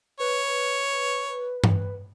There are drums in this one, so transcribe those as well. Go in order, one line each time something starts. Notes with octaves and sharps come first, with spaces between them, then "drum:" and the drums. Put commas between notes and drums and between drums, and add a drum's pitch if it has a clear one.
B4 C#5
drum: tom G2